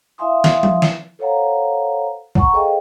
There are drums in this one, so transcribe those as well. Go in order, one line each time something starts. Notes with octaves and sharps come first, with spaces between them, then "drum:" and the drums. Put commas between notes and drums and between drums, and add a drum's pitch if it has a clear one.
E4 E5 F5 G#5 C6 D#6
drum: snare
drum: tom F3
drum: snare
A4 C5 C#5 F5 F#5 A#5
F#5 G#5 A#5 C#6, drum: kick
G#4 A4 C5 D#5 F5 G5